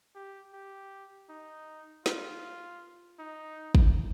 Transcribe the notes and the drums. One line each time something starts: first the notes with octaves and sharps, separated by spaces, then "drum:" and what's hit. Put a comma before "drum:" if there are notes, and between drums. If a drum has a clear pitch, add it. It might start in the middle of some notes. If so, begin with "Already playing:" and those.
G4
G4
D#4
F4, drum: snare
D#4
drum: kick